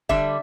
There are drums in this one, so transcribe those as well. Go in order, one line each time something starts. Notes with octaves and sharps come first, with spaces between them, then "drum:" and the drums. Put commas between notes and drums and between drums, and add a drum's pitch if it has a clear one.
D3 G3 E5, drum: kick